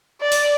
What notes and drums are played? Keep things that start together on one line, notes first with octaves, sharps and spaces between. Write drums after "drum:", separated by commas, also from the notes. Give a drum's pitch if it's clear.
D5
drum: open hi-hat